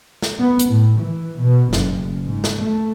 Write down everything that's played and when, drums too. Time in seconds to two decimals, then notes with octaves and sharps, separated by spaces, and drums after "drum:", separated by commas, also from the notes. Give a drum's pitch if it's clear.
0.22 drum: snare
0.38 B3
0.59 drum: hi-hat
0.69 A2
1.00 E3
1.38 B2
1.73 F#1, drum: snare
2.25 G#2
2.44 drum: snare
2.62 A3